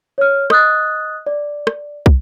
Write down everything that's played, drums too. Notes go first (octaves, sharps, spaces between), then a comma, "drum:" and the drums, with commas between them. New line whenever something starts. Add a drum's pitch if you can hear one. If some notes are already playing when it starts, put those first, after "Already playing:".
C#5 F6
D#5 D#6 F#6 A6, drum: rim click
D5
drum: rim click
drum: kick